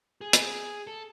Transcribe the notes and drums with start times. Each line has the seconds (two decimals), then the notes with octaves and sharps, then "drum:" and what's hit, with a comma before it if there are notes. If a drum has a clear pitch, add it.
0.21 G#4
0.33 drum: hi-hat
0.87 A4